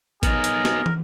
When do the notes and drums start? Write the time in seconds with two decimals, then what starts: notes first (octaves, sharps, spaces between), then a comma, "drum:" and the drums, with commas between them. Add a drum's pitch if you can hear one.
0.23 B3 D#4 G#4 A#4, drum: kick A1, hi-hat
0.44 drum: hi-hat
0.65 drum: snare
0.86 drum: tom